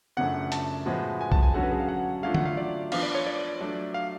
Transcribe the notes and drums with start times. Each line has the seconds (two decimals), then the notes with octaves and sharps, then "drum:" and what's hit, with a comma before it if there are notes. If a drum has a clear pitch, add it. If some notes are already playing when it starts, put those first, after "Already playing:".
0.17 F#2 C#3 F3 A3 D4 F#5
0.52 A5, drum: hi-hat
0.85 A2 F3 G#3 B3 F#4
1.21 G#5
1.32 A5, drum: kick B1
1.43 G#5
1.54 D3 F#3 C#4 F#4 A4 F#5
1.63 B4
1.71 G#4
1.80 F5
1.89 F#5
2.23 F#3 A3 D4 F4 F5
2.34 F#5, drum: tom D3
2.45 F5
2.57 D5
2.92 F3 B3 D4 F4 F5, drum: cymbal
3.03 D5
3.15 C#5
3.27 D5
3.60 F#3 A3 D4
3.94 F5